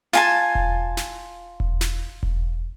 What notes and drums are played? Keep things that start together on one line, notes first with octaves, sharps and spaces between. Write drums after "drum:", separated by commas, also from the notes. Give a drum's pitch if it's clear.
F4 G#5 A5, drum: snare
drum: kick E1
drum: snare
drum: kick E1
drum: snare
drum: kick E1